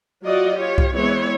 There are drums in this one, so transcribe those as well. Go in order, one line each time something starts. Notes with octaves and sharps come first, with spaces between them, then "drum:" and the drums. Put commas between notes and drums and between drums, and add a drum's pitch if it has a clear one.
F#3 F4 F#4 D5 D#5
F4 G4 C#5
drum: kick C2
E3 G#3 B3 C4 E4 C#5